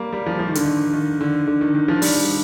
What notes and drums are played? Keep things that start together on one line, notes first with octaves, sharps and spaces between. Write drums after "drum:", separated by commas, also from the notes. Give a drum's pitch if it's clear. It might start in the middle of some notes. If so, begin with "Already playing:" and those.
Already playing: G3 A#3
G3
F3
F3
D#3
D3, drum: hi-hat
D#3
D#3
D3
D3
D#3
D#3
F3
G3, drum: open hi-hat